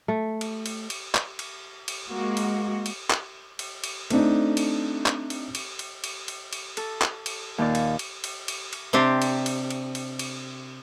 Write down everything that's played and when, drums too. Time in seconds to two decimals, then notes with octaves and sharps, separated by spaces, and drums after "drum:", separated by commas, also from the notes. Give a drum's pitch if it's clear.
0.08 A3
0.41 drum: cymbal
0.66 drum: cymbal
0.90 drum: cymbal
1.15 drum: clap
1.39 drum: cymbal
1.88 drum: cymbal
2.08 G#3 A#3 F#4
2.37 drum: cymbal
2.86 drum: cymbal
3.10 drum: clap
3.59 drum: cymbal
3.84 drum: cymbal
4.10 A3 C4 D4 D#4, drum: cymbal
4.57 drum: cymbal
5.06 drum: clap
5.30 drum: cymbal
5.55 drum: cymbal
5.79 drum: cymbal
6.04 drum: cymbal
6.28 drum: cymbal
6.53 drum: cymbal
6.77 A4, drum: cymbal
7.01 drum: clap
7.26 drum: cymbal
7.58 D#2 A#2 F4 D5
7.75 drum: cymbal
7.99 drum: cymbal
8.24 drum: cymbal
8.48 drum: cymbal
8.73 drum: cymbal
8.93 C3 C4 D4 G4
9.22 drum: cymbal
9.46 drum: cymbal
9.70 drum: cymbal
9.95 drum: cymbal
10.19 drum: cymbal